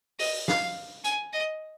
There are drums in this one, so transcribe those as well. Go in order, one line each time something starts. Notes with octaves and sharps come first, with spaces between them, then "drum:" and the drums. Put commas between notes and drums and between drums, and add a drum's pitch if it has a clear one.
D#5, drum: open hi-hat
F5, drum: snare
G#5, drum: hi-hat
D#5